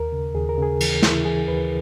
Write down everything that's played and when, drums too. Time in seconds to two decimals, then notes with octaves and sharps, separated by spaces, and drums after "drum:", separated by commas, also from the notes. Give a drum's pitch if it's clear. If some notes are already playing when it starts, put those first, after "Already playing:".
Already playing: D#2 A#4
0.12 C#3
0.35 D#2 G#4
0.49 A#4
0.58 C#3 G#4
0.80 E3, drum: cymbal
1.02 E3 E4, drum: snare
1.25 E3 G#4
1.48 D#2 B4